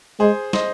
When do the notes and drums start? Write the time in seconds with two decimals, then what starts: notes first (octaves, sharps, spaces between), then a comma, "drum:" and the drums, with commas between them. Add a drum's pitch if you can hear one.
0.20 G#3 G#4 C5
0.53 C5 D#5, drum: snare